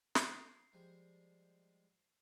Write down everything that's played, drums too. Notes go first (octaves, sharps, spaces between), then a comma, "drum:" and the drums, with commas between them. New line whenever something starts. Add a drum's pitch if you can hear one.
C7, drum: snare
F3 G3 G#3